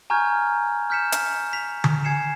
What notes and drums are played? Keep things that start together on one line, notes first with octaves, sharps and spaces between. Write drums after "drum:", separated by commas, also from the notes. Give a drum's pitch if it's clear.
G#5 A#5 C#6 F6 G6 G#6
F6 G6 B6 C#7 E7
drum: hi-hat
B6 F7
drum: tom D3
G#5 G#6 C7 C#7 E7